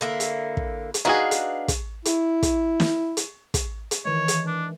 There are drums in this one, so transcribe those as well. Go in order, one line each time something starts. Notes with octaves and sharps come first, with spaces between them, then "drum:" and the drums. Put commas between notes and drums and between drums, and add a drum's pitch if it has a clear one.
D3 A#3 E4
drum: hi-hat
drum: kick
drum: hi-hat
D4 D#4 F#4 G#4 B4 F5
drum: hi-hat
drum: kick, hi-hat
E4, drum: hi-hat
drum: kick, hi-hat
drum: snare
drum: hi-hat
drum: kick, hi-hat
drum: hi-hat
D#3 E3 G#3 C#5
drum: hi-hat
D4